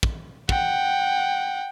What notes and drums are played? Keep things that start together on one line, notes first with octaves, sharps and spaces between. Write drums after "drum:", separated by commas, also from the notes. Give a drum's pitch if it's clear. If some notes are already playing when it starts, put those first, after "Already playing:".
drum: kick
F#5 G5, drum: kick